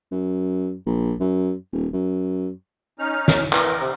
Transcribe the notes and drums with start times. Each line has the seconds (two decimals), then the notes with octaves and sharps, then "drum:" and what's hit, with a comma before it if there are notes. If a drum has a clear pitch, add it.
0.12 F#2
0.86 A#1
1.20 F#2
1.73 D#1
1.93 F#2
2.99 C#4 D#4 F6
3.28 F#3, drum: snare
3.53 E3 A#4, drum: clap
3.81 C3